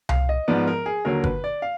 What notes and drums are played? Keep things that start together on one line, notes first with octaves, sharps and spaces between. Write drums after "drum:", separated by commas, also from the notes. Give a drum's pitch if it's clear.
F5, drum: tom C2
D#5
G#2 F3 B3 D5
A#4
G#4
D#2 D3 F#3 A#4
B4, drum: kick G1
D5
F5